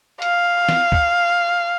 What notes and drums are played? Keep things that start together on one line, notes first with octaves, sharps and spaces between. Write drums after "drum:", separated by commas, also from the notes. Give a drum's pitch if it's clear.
F5, drum: hi-hat
drum: snare
drum: kick C#2